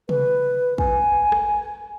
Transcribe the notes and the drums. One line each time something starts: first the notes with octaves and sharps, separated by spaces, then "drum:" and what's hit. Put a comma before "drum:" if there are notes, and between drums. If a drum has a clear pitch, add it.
B4, drum: tom C3
G#5, drum: kick
drum: rim click